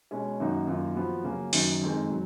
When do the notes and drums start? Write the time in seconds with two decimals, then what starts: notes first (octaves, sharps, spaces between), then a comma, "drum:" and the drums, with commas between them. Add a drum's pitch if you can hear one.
0.11 B2 G#3 C#4
0.40 F#2 D#3 A#3 D#4 F#4
0.67 F#2 D#3 A#3 F4
0.95 F3 B3 F#4
1.24 C#3 F#3 A#3 C#4
1.53 F#2 D#3 F#3, drum: open hi-hat
1.81 F2 D#3 G#3
2.10 F#3